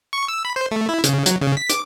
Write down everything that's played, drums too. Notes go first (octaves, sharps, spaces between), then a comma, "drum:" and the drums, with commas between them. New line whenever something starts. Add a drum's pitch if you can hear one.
C#6
E6
B5
C5
A3
E4
C#3, drum: hi-hat
F#3, drum: hi-hat
C#3
B6
D6, drum: hi-hat